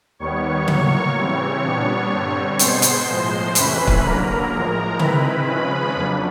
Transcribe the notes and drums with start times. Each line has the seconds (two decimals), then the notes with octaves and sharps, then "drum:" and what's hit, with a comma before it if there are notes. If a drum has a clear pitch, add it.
0.19 D#2 D#3 G3 B3 C#5 C#6
0.68 A2 F#3 A#3, drum: tom C#3
1.15 C#3 E3 G3 C4 C#5 C#6
1.63 A#2 G3 B3 D4
2.12 G2 D3 G3 C4
2.59 B2 G#3 B3 C5 C6, drum: hi-hat
2.82 drum: hi-hat
3.07 A2 F3 G#3
3.55 F2 C3 E3 A3 C#4 B4 B5, drum: hi-hat
3.87 drum: kick
4.03 D3 F#3 A#3 A#4 A#5
4.51 A2 F3 G#3 A#4 A#5
4.99 D#3 G#3 C4 E4 B4 B5, drum: tom C#3
5.47 C#3 F3 G#3 C#4
5.95 F2 C#3 F#3 A#3 D4